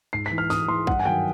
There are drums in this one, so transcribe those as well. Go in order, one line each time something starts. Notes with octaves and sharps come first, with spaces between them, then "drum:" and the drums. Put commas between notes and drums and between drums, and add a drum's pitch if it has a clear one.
G#2 C7
B6
E3
F6
G#2 D#6, drum: snare
E3 C6
G2 F#5, drum: kick
G#5
D#3 F#3 G5